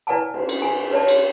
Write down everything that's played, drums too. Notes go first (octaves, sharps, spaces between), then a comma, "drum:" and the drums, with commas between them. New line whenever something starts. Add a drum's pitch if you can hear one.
E4 B4 D5 F#5 G#5 A5
drum: cymbal
drum: cymbal
G#5
B4 C#5 D5 E5 A5
drum: cymbal